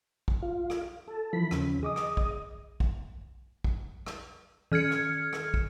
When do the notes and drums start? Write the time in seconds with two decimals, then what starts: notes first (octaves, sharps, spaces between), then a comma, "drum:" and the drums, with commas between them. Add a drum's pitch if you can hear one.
0.28 drum: kick
0.42 F4
0.70 drum: rim click
1.08 A4
1.33 E3 F3 B5
1.51 D#2 C#3, drum: rim click
1.83 G#4 D#5 D6 D#6
1.96 drum: rim click
2.17 drum: kick
2.80 drum: kick
3.64 drum: kick
4.07 drum: rim click
4.72 D#3 F6 G#6 C#7
4.91 drum: rim click
5.33 drum: rim click
5.54 drum: kick